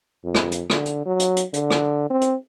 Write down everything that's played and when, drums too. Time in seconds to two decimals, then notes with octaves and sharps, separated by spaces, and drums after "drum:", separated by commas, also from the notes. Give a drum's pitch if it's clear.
0.24 F2
0.35 drum: rim click
0.52 drum: hi-hat
0.70 D3, drum: rim click
0.86 drum: hi-hat
1.06 F#3
1.19 drum: hi-hat
1.36 drum: hi-hat
1.53 D3, drum: hi-hat
1.70 drum: rim click
2.10 C4
2.21 drum: hi-hat